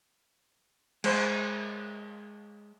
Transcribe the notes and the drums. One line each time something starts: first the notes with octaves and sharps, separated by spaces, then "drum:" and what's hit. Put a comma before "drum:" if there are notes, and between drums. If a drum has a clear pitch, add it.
G#3 C5, drum: cymbal